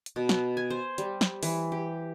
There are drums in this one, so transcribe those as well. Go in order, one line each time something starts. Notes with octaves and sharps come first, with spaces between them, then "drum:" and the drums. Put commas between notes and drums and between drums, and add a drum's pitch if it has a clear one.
drum: hi-hat
B2
drum: snare
G#5
C5
G3, drum: hi-hat
drum: snare
E3, drum: open hi-hat
G4